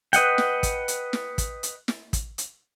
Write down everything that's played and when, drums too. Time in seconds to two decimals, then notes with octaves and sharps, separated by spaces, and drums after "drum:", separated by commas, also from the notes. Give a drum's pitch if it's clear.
0.13 B4 D#5 F#5 G5, drum: hi-hat
0.38 drum: snare
0.63 drum: kick, hi-hat
0.88 drum: hi-hat
1.13 drum: snare
1.38 drum: kick, hi-hat
1.63 drum: hi-hat
1.88 drum: snare
2.13 drum: kick, hi-hat
2.38 drum: hi-hat